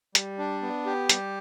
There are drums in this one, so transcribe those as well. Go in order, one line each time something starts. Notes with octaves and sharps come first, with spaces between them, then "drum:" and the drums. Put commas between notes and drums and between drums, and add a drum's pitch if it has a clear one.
G3, drum: hi-hat
D4
B3
G4
G3, drum: hi-hat